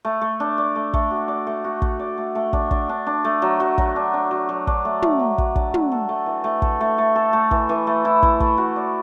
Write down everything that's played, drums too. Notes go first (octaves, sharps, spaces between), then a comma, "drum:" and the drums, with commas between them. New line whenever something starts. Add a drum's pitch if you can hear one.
A3
A3
D4
D5
A3
A3, drum: kick
F#4
D5
A3
F#4
A3, drum: kick
D5
A3
A3
D4, drum: kick
D4, drum: kick
D4
D4
A3
F#3
F#3
F#3, drum: kick
D4
D4
F#3
F#3
D4, drum: kick
A3
A3, drum: tom
F#3
F#3, drum: kick
D4, drum: kick
A3, drum: tom
A4
A3
E3
A3
A4, drum: kick
A3
A3
A4
A3
E3, drum: kick
E3
A3
E4
E4, drum: kick
A3, drum: kick
F#4
D5